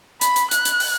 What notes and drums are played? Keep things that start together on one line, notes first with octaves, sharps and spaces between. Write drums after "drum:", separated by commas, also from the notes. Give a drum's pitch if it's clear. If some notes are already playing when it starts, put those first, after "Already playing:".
B5, drum: hi-hat
drum: hi-hat
F#6, drum: hi-hat
drum: hi-hat
drum: open hi-hat